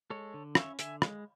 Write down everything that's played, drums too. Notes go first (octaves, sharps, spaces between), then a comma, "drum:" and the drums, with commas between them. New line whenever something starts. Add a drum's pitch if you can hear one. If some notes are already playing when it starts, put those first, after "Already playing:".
G#3 A4 C#5
D3
C#4 C#5 E5, drum: rim click
D3 E5 G#5, drum: hi-hat
G#3, drum: rim click